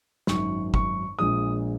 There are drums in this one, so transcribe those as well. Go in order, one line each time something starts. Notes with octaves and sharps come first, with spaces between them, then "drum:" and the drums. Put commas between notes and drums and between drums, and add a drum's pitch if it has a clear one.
G#1 F#2 D#3 C#6, drum: snare
C#6, drum: kick
A#1 A#2 G#3 D#6